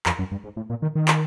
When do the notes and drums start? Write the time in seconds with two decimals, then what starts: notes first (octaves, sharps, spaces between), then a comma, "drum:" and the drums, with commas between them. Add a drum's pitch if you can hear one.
0.06 F2, drum: clap
0.19 F#2
0.31 G2
0.44 G#2
0.57 A2
0.70 A#2
0.82 D#3
0.95 D#3
1.08 drum: clap